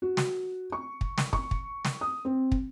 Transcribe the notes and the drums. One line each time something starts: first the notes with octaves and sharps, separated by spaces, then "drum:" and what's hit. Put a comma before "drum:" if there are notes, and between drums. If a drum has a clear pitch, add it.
F#4
drum: snare
C#6
drum: kick
drum: snare
C#6, drum: kick
drum: kick
drum: snare
D#6
C4
drum: kick